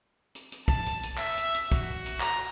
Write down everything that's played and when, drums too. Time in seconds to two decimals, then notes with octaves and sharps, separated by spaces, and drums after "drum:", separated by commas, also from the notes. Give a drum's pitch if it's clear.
0.35 drum: hi-hat
0.52 drum: hi-hat
0.68 A5, drum: kick, hi-hat
0.86 drum: hi-hat
1.03 drum: hi-hat
1.17 E5, drum: clap
1.37 drum: hi-hat
1.54 drum: hi-hat
1.72 F#4, drum: kick, hi-hat
2.06 drum: hi-hat
2.20 A#5, drum: clap